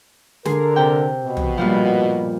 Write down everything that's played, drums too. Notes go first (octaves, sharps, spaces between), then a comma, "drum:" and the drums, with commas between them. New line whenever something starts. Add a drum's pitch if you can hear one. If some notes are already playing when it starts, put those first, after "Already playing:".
D3 G#4 A#4 C6, drum: snare
C3 G5
B2
drum: tom
G2 A#2 F3